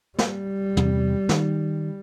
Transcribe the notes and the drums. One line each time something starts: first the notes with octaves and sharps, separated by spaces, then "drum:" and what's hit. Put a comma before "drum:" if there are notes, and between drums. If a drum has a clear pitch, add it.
G3, drum: snare
E2 C3, drum: tom
D#3, drum: snare